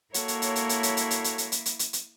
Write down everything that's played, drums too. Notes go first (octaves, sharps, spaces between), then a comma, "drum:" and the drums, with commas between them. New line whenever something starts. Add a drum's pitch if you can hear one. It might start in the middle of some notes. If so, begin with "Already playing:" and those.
A#3 E4 F#4 A4 C#5, drum: hi-hat
drum: hi-hat
drum: hi-hat
drum: hi-hat
drum: hi-hat
drum: hi-hat
drum: hi-hat
drum: hi-hat
drum: hi-hat
drum: hi-hat
drum: hi-hat
drum: hi-hat
drum: hi-hat
drum: hi-hat